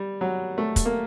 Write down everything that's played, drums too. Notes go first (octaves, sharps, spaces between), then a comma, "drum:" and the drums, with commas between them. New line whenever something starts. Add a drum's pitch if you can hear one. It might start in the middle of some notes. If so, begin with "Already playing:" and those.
Already playing: G3
F#3
A3
drum: kick, hi-hat
A#3